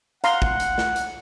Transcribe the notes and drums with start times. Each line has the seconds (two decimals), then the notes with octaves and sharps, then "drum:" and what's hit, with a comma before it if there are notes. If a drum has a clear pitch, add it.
0.24 F5 F#5 A#5 C6, drum: hi-hat
0.42 drum: kick
0.60 drum: hi-hat
0.78 drum: snare
0.96 drum: hi-hat